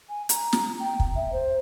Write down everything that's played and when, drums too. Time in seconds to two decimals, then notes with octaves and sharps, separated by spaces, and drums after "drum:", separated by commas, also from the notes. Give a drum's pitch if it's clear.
0.09 G#5
0.29 A#5, drum: hi-hat
0.53 drum: snare
0.80 G5
1.00 drum: kick
1.16 E5
1.33 C5